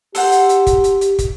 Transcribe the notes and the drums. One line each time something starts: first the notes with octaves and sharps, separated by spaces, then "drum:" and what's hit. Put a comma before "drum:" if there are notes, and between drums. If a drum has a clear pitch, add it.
G4 A4 C5 F#5, drum: open hi-hat
drum: hi-hat
drum: hi-hat
drum: kick, hi-hat
drum: hi-hat
drum: hi-hat
drum: kick, hi-hat